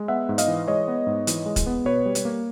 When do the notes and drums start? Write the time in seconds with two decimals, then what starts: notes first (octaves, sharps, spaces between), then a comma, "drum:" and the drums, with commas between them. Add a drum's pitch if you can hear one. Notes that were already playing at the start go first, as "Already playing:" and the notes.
Already playing: G#3
0.08 B3 E5 F#5
0.29 G#2
0.38 D#5 F5, drum: hi-hat
0.48 E3
0.68 G#3 C#5 D#5
0.88 B3
1.07 G#2
1.27 E3, drum: hi-hat
1.46 G#3
1.56 drum: kick, hi-hat
1.67 B3
1.85 B2 B4 C#5
2.06 G3
2.15 drum: hi-hat
2.25 A#3